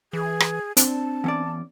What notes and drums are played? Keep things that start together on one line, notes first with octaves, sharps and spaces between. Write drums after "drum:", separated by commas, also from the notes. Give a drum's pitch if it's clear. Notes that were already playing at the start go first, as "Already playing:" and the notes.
E3 G#4
drum: rim click
C4 D4 A5, drum: hi-hat
E2 C#4 D5